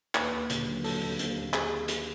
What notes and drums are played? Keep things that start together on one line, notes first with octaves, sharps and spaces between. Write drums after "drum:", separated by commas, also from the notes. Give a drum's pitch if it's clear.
D#2 B4, drum: clap
D#2
D3, drum: hi-hat
F#3
F#3 A4, drum: open hi-hat
D#2
D#2, drum: hi-hat
D#2
G#4, drum: clap
drum: hi-hat